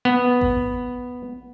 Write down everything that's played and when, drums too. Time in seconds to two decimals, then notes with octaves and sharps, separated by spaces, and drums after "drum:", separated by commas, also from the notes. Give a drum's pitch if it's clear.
0.05 B3
0.41 drum: kick A1